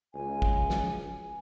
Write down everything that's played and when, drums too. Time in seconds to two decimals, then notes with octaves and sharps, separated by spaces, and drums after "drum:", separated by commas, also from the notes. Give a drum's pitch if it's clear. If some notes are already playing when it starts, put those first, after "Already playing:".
0.14 C#2 G#5
0.42 drum: kick
0.70 drum: snare